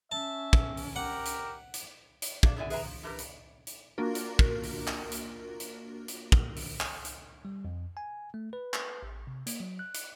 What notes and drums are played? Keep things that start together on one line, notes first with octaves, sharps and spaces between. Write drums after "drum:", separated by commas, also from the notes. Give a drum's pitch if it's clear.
C#4 E5 A5
drum: kick
drum: open hi-hat
G4 A#4 F#5
drum: hi-hat
drum: hi-hat
drum: hi-hat
A3 A#3 D4, drum: kick
D3 B3 E4 D5 E5 G#5
G#4 B4 E5 F#5 G#5 A#5, drum: open hi-hat
F3
E3 D4 G4 A#4 B4
drum: hi-hat
drum: hi-hat
A#3 D4 F4 F#4 A#4
drum: hi-hat
drum: kick
drum: open hi-hat
drum: clap
drum: hi-hat
drum: hi-hat
drum: hi-hat
drum: kick
drum: open hi-hat
drum: clap
drum: hi-hat
G3
F2
G#5
A3
B4
drum: clap
A1
C3
A#3, drum: hi-hat
F#3
F#6
drum: hi-hat